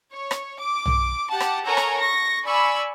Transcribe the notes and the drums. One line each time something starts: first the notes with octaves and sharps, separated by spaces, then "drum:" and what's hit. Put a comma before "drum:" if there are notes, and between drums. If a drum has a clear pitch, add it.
C#5
drum: rim click
D6
drum: tom B1
G4 F#5 A5
drum: rim click
A4 A#4 C#5 F#5 G#5 A#5
drum: rim click
C#6 A#6
D5 G#5 B5 C#6 E6